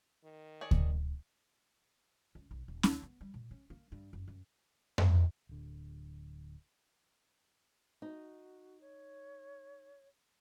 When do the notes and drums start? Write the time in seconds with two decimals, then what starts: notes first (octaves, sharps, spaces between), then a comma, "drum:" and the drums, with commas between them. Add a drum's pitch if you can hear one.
0.24 D#3
0.61 G#4 C#5 D5
0.71 drum: kick D2
2.35 C#2
2.51 B1
2.68 D#1
2.83 D2, drum: snare C#4
3.03 B3
3.21 G3
3.34 A#2
3.51 C#4
3.70 A#3
3.92 G2
4.13 F#1
4.28 F#2
4.98 drum: tom F2
5.49 D1 D3
8.02 D#4 F#4
8.81 C#5